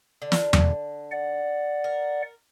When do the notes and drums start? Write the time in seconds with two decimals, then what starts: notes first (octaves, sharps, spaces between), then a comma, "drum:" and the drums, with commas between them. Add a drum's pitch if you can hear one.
0.22 D3
0.32 drum: snare
0.53 drum: tom E2
1.11 D5 F#5
1.84 A#4